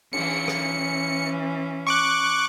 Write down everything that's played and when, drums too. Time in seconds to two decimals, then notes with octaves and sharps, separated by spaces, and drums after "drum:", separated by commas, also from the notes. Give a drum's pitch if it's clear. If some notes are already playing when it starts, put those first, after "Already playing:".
0.13 E3 C#4 C#7, drum: cymbal
0.48 drum: rim click
1.87 C#6 D6 F#6